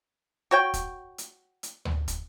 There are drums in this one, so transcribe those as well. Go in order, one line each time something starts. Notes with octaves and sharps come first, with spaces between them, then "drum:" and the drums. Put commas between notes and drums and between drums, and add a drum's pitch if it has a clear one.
F#4 C#5 G5
drum: kick, hi-hat
drum: hi-hat
drum: hi-hat
drum: tom D2
drum: kick, hi-hat